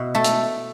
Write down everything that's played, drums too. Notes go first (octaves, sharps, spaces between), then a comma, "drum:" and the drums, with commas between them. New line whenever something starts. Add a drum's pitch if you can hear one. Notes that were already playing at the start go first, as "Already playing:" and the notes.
Already playing: B2 E4 F#4
A3 A4
drum: hi-hat